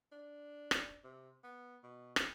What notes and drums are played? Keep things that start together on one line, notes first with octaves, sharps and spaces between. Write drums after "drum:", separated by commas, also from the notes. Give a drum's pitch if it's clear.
D4
drum: rim click
C3
B3
B2
drum: rim click